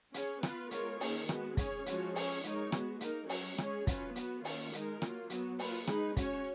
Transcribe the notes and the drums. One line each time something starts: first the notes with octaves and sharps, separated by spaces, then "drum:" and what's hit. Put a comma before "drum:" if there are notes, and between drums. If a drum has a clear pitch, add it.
C#4 G#4 C#5, drum: hi-hat
B3 F4 B4, drum: rim click
G#3 B3 F4 A#4 C#5, drum: hi-hat
D#3 A#3 C#4 G#4, drum: open hi-hat
G#3 B3 F#4, drum: rim click
C#4 G#4 C#5, drum: kick, hi-hat
F3 G#3 C#4 F#4 C#5, drum: hi-hat
C#4 G#4 C#5, drum: open hi-hat
G#3 D#4 A#4 C#5, drum: hi-hat
G#3 B3 F#4, drum: rim click
A#3 D#4 A#4, drum: hi-hat
F#3 C#4 F#4, drum: open hi-hat
G#3 C#4 G#4 C#5, drum: rim click
F#3 C#4 F4 B4, drum: kick, hi-hat
B3 F#4 B4, drum: hi-hat
D#3 A#3 C#4 F4, drum: open hi-hat
G#3 D#4 A#4, drum: hi-hat
F#3 A#3 F4, drum: rim click
F#3 B3 F#4, drum: hi-hat
A#3 F4 B4, drum: open hi-hat
G#3 D#4 G#4 B4, drum: rim click
C#4 F#4 C#5, drum: kick, hi-hat